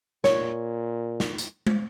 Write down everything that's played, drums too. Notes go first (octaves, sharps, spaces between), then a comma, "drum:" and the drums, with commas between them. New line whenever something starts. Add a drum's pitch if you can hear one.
A#2 C#5, drum: snare
drum: snare
drum: hi-hat
drum: tom